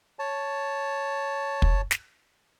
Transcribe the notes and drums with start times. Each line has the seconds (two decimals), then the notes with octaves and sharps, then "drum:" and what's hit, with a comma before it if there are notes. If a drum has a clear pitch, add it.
0.19 C#5 A5
1.62 drum: kick
1.91 drum: snare